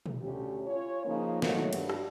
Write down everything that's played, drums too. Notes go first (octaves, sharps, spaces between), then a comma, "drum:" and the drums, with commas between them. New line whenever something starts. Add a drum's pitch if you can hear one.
drum: tom
D2 C#4 G4
C#4 F4 C#5
C#3 F3 A#3 D#4
D#3 F#3 A3 A#3, drum: snare
G2, drum: cymbal
drum: rim click